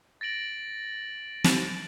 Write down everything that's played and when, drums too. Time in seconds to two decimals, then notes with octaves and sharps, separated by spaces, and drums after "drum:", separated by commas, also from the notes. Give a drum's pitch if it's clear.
0.21 A6 A#6 D7 F#7
1.44 drum: snare